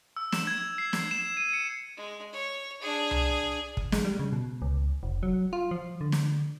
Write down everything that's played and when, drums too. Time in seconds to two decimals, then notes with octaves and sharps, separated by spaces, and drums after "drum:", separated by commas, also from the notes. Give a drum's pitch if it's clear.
0.16 E6
0.32 E7, drum: snare
0.47 G#6
0.78 C7
0.93 G#6, drum: snare
1.11 E7
1.37 D#7
1.53 C#7
1.97 G#3
2.33 C#5
2.82 D4 G#4
3.11 drum: tom C2
3.77 drum: kick
3.92 G#3, drum: snare
4.05 G3
4.19 C#3
4.33 B2
4.62 C#2
5.03 F1
5.23 F#3
5.53 F4
5.71 F3
6.01 D3
6.12 drum: snare